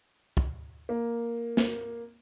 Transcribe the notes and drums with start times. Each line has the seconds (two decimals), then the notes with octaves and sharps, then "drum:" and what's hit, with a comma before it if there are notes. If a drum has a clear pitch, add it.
0.37 drum: kick
0.89 A#3
1.57 drum: snare